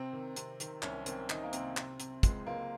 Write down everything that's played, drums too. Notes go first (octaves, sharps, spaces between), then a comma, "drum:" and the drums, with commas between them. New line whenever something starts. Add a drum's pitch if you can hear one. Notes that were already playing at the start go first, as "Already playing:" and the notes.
Already playing: C3 C4
D#3
C3, drum: hi-hat
D#3, drum: hi-hat
C2 C#4, drum: clap
D#3 C4, drum: hi-hat
D#3 D#4, drum: clap
A#3
C3 C4, drum: hi-hat
C3, drum: clap
C3, drum: hi-hat
C#2 G#3, drum: kick, hi-hat
C#2 A#3